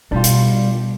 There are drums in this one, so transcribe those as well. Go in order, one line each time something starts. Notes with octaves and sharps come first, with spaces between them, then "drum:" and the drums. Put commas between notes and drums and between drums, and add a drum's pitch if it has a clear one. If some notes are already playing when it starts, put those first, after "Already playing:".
B2 G3 D4 F4
drum: hi-hat